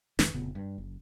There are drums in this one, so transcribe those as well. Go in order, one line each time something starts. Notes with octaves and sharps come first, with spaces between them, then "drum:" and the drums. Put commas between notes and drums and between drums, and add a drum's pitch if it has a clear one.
F#1 F2 D#3 E3, drum: snare
F1 A#2 C#3 B3
G2
F#1